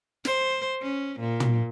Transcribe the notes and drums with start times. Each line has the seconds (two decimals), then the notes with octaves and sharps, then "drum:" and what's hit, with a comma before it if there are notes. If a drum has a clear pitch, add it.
0.25 C5, drum: snare
0.82 C#4
1.20 A#2
1.40 drum: tom